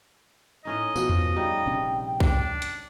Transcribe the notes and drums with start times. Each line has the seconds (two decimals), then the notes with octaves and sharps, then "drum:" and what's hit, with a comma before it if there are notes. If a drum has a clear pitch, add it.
0.65 A2 C#4 D#4 D#5
0.96 B2 F3 F#4, drum: tambourine
1.09 drum: tom E2
1.36 C#3 G3 D#4 G5
1.66 A#1 C3 C#4
2.20 D4, drum: kick B1
2.62 drum: hi-hat